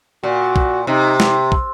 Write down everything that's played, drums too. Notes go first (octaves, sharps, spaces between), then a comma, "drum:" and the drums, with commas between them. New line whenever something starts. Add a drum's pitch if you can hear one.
A#2 F#4
drum: kick
C3 D#4
drum: snare
drum: kick